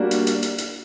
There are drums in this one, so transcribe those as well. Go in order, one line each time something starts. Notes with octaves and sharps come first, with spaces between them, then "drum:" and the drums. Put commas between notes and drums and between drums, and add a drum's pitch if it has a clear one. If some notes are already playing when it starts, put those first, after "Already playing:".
Already playing: G3 A#3 D4 F#4
drum: hi-hat
drum: hi-hat
drum: hi-hat
drum: hi-hat